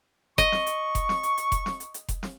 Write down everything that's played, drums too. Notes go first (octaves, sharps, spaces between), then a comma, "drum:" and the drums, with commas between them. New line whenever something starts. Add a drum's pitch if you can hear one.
D#5 C#6, drum: kick F1, hi-hat
drum: snare
drum: hi-hat
drum: kick F1, hi-hat
drum: snare
drum: hi-hat
drum: hi-hat
drum: kick F1, hi-hat
drum: snare
drum: hi-hat
drum: hi-hat
drum: kick F1, hi-hat
drum: snare